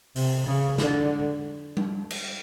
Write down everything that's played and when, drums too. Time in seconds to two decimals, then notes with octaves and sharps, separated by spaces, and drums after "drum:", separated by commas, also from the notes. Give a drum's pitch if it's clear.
0.16 C3, drum: open hi-hat
0.47 C#3
0.78 D3, drum: snare
1.77 drum: tom G3
2.11 drum: cymbal